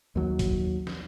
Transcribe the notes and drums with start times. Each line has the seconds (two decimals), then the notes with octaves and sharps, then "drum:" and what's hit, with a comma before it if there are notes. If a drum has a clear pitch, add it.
0.16 D#2 F#3
0.39 drum: kick, hi-hat
0.87 drum: snare